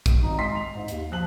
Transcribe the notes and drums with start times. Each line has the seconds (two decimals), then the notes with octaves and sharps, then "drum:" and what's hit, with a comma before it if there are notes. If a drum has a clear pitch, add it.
0.06 drum: kick, hi-hat
0.23 G#1 D#4
0.39 G#3 C6 B6 C7
0.55 F7
0.75 G#2 D#4
0.88 D#2, drum: hi-hat
1.12 F3 F#6 F#7